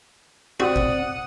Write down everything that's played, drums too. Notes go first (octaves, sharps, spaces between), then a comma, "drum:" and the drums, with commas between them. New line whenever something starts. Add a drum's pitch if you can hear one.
C4 F#4 D5 F#5 D#6
drum: kick G1